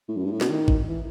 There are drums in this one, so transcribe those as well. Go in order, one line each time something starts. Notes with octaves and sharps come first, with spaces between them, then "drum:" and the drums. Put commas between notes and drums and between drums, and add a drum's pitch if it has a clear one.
A2
F#2
G2
A2
B2, drum: snare
D#3
drum: kick
E3